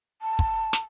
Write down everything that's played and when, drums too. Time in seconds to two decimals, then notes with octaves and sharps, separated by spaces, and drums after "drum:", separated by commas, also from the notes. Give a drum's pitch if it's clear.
0.22 A5
0.39 drum: kick
0.73 drum: snare